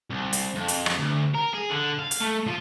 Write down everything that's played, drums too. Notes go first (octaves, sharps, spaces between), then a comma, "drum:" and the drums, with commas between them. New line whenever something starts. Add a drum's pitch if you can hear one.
C2
drum: hi-hat
F2
drum: hi-hat
drum: rim click
D2
A#4
G#4
D3
F5
drum: hi-hat
A3
F3